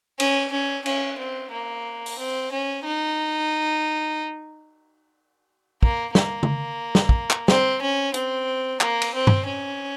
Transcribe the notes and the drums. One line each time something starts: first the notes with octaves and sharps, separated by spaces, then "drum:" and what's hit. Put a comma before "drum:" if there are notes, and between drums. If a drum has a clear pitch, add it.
C#4, drum: cymbal
C#4
C#4, drum: cymbal
C4
A#3
drum: open hi-hat
C4
C#4
D#4
A#3, drum: kick
A#3, drum: snare
drum: tom C#3
drum: snare
drum: kick
drum: clap
C4, drum: snare
C#4
C4, drum: hi-hat
A#3, drum: clap
drum: cymbal
C4
drum: tom G2
C#4